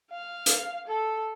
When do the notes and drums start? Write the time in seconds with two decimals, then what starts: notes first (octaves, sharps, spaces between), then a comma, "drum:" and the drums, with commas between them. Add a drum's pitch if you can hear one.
0.11 F5
0.46 drum: hi-hat
0.87 A4